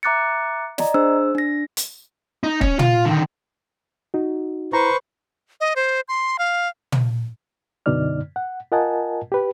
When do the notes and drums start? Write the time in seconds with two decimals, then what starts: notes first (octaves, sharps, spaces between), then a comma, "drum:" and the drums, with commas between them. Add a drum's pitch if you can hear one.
0.03 E5 A#5 D6 F#6 A6 C#7
0.78 D5 D#5 A#5, drum: snare
0.94 D4 G#4 C5 E6
1.35 D4 A#6
1.77 drum: hi-hat
2.44 D#4
2.61 C#4, drum: kick
2.79 F4, drum: tom
3.05 D3 D#3
4.14 D#4 F#4
4.73 E4 B4 C5 A#5 C#6
5.61 D#5
5.76 C5
6.08 C6
6.39 F5
6.92 drum: tom
7.86 F#2 B2 D3 D#4 D5 F6
8.36 F#5
8.72 F4 A#4 D#5 F#5 G#5 A5
9.32 G4 B4